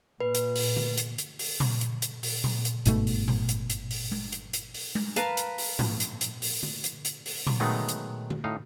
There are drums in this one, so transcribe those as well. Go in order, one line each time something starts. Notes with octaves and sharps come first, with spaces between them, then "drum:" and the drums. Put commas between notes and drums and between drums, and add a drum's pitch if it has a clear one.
A#2 B4
drum: hi-hat
drum: open hi-hat
drum: tom D3
drum: hi-hat
drum: hi-hat
drum: open hi-hat
drum: tom A#2
drum: hi-hat
drum: hi-hat
drum: open hi-hat
drum: tom A#2
drum: hi-hat
G1 G#2 B2 A3, drum: hi-hat
drum: open hi-hat
drum: tom A#2
drum: hi-hat
drum: hi-hat
drum: open hi-hat
drum: tom G#3
drum: hi-hat
drum: hi-hat
drum: open hi-hat
drum: tom G#3
A#4 B4 F5 A5, drum: hi-hat
drum: hi-hat
drum: open hi-hat
drum: tom G#2
drum: hi-hat
drum: hi-hat
drum: open hi-hat
drum: tom D3
drum: hi-hat
drum: hi-hat
drum: open hi-hat
drum: tom A#2
D#3 F#3 G#3 A3 B3 D#4
drum: hi-hat
drum: tom D3
A2 D#4 F5